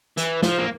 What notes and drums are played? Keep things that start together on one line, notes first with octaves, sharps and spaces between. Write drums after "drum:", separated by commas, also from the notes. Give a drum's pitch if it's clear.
E3, drum: hi-hat
F3, drum: snare
A#3